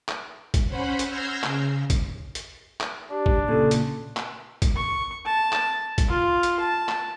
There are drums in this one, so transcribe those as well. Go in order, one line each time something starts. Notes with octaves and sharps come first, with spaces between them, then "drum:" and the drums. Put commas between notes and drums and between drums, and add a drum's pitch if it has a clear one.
drum: clap
drum: kick, hi-hat
C#4 C5 F#5 B5
drum: hi-hat
E6 F6 G6 G#6 A#6 C7
C#3, drum: clap
drum: kick, hi-hat
drum: hi-hat
drum: clap
D4 G4
drum: kick
A#2 C#3 A4
drum: hi-hat
drum: clap
drum: kick, hi-hat
C#6
A5
drum: clap
drum: kick, hi-hat
F4
drum: hi-hat
A5
drum: clap